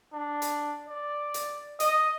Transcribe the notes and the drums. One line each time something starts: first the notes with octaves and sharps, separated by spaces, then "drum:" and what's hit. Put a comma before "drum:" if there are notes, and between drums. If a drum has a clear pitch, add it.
D4
drum: hi-hat
D5
drum: hi-hat
D#5, drum: hi-hat